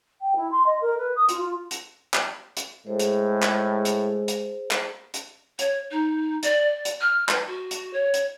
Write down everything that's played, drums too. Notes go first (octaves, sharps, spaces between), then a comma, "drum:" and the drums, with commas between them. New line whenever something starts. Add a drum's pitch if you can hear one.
G5
E4
C6
D#5
A#4
B4
D#6
F4, drum: hi-hat
F4
drum: hi-hat
drum: clap
drum: hi-hat
A2 G#3 G#4 C5
drum: hi-hat
drum: clap
drum: hi-hat
drum: hi-hat
drum: clap
drum: hi-hat
C#5, drum: hi-hat
D#4
D5, drum: hi-hat
drum: hi-hat
F6
B4, drum: clap
F#4
drum: hi-hat
C#5
drum: hi-hat